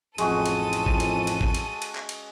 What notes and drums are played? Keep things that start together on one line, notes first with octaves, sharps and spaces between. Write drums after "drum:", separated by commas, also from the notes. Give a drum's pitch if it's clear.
A1 F2 G#3 C#4 F#4 A4 D#7, drum: cymbal
drum: cymbal
drum: cymbal
drum: kick
drum: cymbal
drum: cymbal
drum: kick
drum: cymbal
drum: cymbal
drum: clap
drum: cymbal